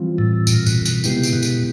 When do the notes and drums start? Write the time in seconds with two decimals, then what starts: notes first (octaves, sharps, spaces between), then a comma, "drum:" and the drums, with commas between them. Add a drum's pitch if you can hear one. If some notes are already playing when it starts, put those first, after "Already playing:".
Already playing: E3 G3 C4 F4
0.18 A2
0.47 A#2, drum: tambourine
0.66 B2, drum: tambourine
0.85 B2, drum: tambourine
1.04 C3 G#3 B3 E4 G4, drum: tambourine
1.23 drum: tambourine
1.33 B2
1.42 drum: tambourine